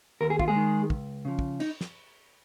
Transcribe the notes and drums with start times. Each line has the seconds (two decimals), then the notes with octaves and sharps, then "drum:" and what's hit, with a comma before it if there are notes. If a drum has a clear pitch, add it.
0.21 D#2 A#4
0.30 G#4
0.39 F4, drum: kick
0.48 G#3 G#4
0.56 D#3
0.90 C#2, drum: kick
1.25 C#3 F3
1.39 drum: kick
1.60 D#4, drum: cymbal
1.81 drum: snare